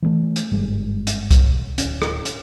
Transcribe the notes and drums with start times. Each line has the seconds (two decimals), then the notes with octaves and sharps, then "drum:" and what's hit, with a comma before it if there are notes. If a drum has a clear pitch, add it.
0.02 E3 F#3 A3
0.36 drum: hi-hat
0.51 G1 G#2 G3 G#3
1.07 drum: hi-hat
1.31 drum: kick C2, hi-hat
1.78 D1 C#4, drum: hi-hat
2.02 drum: rim click
2.25 drum: hi-hat